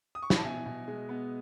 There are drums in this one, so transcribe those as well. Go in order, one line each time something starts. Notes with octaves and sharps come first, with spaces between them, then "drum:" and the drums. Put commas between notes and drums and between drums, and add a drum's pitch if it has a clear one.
D#6
C#6
B5, drum: snare
A5
B2 E5 G#5
B2
G#3
B3